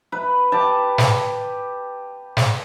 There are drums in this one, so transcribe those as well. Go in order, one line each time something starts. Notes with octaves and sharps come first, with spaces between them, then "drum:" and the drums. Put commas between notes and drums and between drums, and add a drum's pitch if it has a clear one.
B4
G4 A5
drum: snare
drum: snare